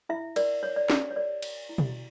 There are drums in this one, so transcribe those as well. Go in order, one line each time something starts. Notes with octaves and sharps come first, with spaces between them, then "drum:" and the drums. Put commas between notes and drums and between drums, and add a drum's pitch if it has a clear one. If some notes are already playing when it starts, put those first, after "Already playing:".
E4 E5
A#4 D5, drum: cymbal
C#5
D5
G4, drum: snare
C#5
A#4 D5
C#5, drum: cymbal
E4
drum: tom B2